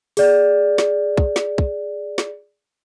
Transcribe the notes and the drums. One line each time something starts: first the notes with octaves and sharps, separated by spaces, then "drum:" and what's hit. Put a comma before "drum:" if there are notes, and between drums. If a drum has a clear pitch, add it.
G#4 D5, drum: open hi-hat
drum: snare
drum: kick
drum: snare
drum: kick
drum: snare